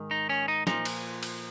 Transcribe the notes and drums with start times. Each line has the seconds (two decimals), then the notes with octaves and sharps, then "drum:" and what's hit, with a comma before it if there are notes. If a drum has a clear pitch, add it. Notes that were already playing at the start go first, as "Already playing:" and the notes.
Already playing: G#2 D#3
0.11 D#4
0.29 C#4
0.48 D#4
0.67 A#2 F3 D#4, drum: snare
0.85 drum: cymbal
1.23 drum: cymbal